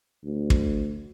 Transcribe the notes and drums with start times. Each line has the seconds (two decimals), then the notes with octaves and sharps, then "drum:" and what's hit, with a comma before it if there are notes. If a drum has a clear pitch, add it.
0.24 D2
0.50 drum: kick